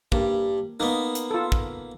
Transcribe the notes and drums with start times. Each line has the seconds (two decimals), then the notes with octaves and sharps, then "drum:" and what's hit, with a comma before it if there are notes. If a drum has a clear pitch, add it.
0.12 G2 A#3, drum: kick
0.80 A#3 B3 D#4
1.15 drum: hi-hat
1.31 F4 A4
1.52 drum: kick